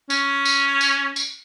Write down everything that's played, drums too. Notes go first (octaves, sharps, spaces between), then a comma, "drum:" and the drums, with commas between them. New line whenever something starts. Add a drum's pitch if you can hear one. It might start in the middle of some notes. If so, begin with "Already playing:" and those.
C#4, drum: tambourine
drum: tambourine
drum: tambourine
drum: tambourine